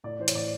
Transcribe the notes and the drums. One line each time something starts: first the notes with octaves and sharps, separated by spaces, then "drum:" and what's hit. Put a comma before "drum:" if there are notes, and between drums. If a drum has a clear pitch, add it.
A2 D5
E3 C5
C#5, drum: hi-hat
A2 D5